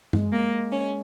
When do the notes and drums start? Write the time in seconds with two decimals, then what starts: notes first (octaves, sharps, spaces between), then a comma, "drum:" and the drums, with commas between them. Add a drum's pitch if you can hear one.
0.13 G#3, drum: tom G2
0.32 A#3
0.72 C#4